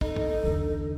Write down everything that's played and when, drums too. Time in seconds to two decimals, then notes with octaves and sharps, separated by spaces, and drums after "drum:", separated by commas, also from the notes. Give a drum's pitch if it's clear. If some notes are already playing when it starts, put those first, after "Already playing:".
0.01 D#4 A4, drum: kick
0.16 drum: tom
0.44 E2 D3